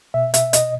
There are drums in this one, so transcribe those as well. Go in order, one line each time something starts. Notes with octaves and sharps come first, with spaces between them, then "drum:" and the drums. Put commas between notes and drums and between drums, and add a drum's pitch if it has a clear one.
B2 E5
E5, drum: hi-hat
D#5, drum: hi-hat